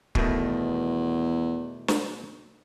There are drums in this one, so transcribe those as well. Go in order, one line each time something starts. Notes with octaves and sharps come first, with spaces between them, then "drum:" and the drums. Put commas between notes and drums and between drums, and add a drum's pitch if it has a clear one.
E2 B2 D#3 A3, drum: kick
drum: snare